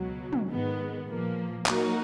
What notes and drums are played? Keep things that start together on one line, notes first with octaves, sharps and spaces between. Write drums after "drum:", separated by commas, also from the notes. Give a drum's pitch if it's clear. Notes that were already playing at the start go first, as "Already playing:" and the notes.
Already playing: C#2 B2 F#3
drum: tom
G#2 D#3 G#3 B3
A#2 F3 A#3
F#3 A#3 D#4 F#4 A#4, drum: clap